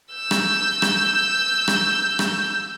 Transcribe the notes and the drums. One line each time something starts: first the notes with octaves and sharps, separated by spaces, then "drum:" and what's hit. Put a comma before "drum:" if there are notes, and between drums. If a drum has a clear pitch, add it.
E6 G6
drum: rim click
drum: rim click
drum: rim click
drum: rim click